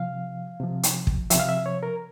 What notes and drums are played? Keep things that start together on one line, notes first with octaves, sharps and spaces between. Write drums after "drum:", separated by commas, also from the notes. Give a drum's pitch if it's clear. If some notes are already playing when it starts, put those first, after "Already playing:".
Already playing: C3 F3 F5
C3 F3
drum: hi-hat
drum: kick
C3 F3 E5, drum: hi-hat
F5
E5
C#5
A#4